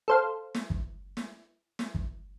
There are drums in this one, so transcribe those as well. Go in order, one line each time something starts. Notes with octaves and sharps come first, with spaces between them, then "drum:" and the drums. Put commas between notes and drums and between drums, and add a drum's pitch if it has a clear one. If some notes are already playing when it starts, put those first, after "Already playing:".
A4 C5 F5
drum: snare
drum: kick
drum: snare
drum: snare
drum: kick